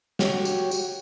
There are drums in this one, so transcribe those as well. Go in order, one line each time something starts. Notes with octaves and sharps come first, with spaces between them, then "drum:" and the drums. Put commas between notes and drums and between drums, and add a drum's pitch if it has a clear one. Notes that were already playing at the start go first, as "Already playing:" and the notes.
F#4 G4 C#5, drum: snare
drum: tambourine
drum: tambourine